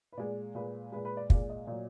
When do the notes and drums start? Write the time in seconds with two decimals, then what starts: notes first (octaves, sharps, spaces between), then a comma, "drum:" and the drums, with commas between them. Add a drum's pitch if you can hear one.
0.12 B4
0.17 A#2 G#3 D5
0.55 A#2 G#3 B4
0.92 A#2 G#3 B4
1.05 B4
1.17 D5
1.30 A#2 G#3 D5, drum: kick
1.49 D#5
1.67 A#2 F#3